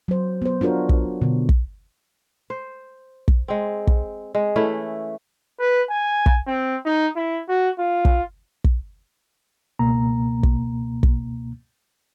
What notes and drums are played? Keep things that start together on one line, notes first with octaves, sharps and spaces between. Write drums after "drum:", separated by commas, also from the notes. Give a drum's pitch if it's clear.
F#3 C5
B3 C5
D4 F4 F#4 A#4 C#5
drum: kick
B2 D3
drum: kick
C5
drum: kick
G#3 C4
drum: kick
G#3
E3 A3 C#4 E4
B4
G#5
drum: kick
C4
D#4
E4
F#4
F4
drum: kick
drum: kick
C#2 B2 A#3 A#5
drum: kick
drum: kick